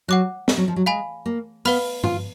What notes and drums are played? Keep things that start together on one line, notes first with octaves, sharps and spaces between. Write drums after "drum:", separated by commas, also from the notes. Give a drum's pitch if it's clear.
F#3 F#5 D6 F#6
G#3, drum: snare
F#3
F3
F#3
G#3 F5 G#5 B5
A#3
B3 B4 F5 B5 F6, drum: open hi-hat
F4, drum: tom G2